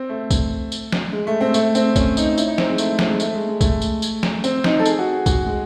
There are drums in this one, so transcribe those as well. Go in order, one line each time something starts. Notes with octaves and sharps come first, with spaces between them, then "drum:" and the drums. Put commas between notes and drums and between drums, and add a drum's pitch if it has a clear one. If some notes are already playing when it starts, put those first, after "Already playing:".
Already playing: C4
A3
drum: kick B1, tambourine
drum: tambourine
drum: snare F3
G#3
A3
C4
A3, drum: tambourine
C4, drum: tambourine
C#4, drum: kick B1, tambourine
D#4, drum: tambourine
E4, drum: tambourine
D#4
C4, drum: snare F3
G#3
A3, drum: tambourine
C4, drum: snare F3
G#3
A3, drum: tambourine
G#3
G#3
A3, drum: kick B1, tambourine
drum: tambourine
drum: tambourine
drum: snare F3
C4, drum: tambourine
D#4, drum: snare F3
A4
G#4, drum: tambourine
F#4
G#4
F#4, drum: kick B1, tambourine
G#3